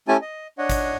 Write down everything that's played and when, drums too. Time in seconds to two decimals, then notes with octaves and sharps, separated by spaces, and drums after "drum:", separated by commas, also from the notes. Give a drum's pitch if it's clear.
0.08 A3 C#4 E4 G4 G#5 A5
0.22 D#5
0.58 D4 C#5 D#5 F#5
0.70 drum: kick G#1, hi-hat